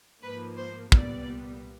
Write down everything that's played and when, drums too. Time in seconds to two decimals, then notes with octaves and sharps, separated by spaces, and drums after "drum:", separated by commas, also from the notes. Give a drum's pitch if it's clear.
0.23 G#2 F3 A#3 B4
0.57 C5
0.92 C2 A#2 G3 B3 D5, drum: kick